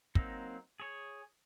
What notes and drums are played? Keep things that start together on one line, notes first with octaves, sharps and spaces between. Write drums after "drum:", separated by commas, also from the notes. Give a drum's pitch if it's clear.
F#3 A#3 C4 D#4, drum: kick
G#4 C#5